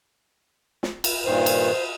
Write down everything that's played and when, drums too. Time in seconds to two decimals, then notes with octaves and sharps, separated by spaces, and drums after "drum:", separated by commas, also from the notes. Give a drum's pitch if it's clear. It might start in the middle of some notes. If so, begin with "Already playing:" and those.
0.83 drum: snare
1.04 drum: cymbal
1.25 G2 A#2 D#3 C5
1.46 drum: cymbal